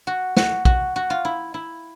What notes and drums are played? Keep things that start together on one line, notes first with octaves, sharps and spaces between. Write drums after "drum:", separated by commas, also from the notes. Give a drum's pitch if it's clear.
F#4
F#4, drum: snare
F#4, drum: kick
F#4
F4
E4
E4